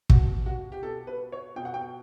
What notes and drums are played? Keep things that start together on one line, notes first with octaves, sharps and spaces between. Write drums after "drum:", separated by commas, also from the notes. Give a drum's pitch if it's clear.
B2 F#4, drum: kick
F#4
G4
B2 A4
B4
C#5
B2 G5
F#5
G5